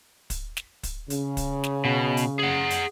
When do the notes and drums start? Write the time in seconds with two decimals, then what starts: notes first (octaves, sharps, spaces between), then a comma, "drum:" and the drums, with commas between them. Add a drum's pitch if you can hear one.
0.30 drum: kick, hi-hat
0.57 drum: snare
0.83 drum: kick, hi-hat
1.10 C#3, drum: hi-hat
1.37 drum: kick, hi-hat
1.64 drum: snare
1.85 B2
2.17 drum: hi-hat
2.39 G#4 F#5
2.70 drum: hi-hat